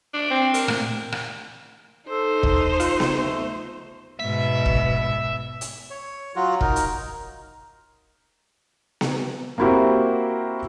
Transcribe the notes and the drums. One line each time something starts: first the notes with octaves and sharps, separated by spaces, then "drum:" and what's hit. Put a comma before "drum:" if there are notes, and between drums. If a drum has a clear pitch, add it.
D4
C4
A#4, drum: hi-hat
A#2 A3, drum: rim click
drum: rim click
D#4 A4 C5
D#2, drum: kick
F4, drum: hi-hat
drum: snare B3
A3
G#2 B2 E5
drum: kick
drum: hi-hat
C#5
F#3 F4 F#4
D#4 A#4, drum: kick
drum: hi-hat
drum: snare B3
A#3 C4 E4 F#4 G4 C5